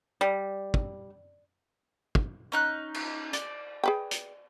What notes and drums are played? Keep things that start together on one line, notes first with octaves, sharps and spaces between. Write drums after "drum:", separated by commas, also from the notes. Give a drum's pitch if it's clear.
G3
drum: kick
drum: kick
C#4 D#4 F#6
drum: cymbal
D5, drum: hi-hat
G#4 B4 G5
drum: hi-hat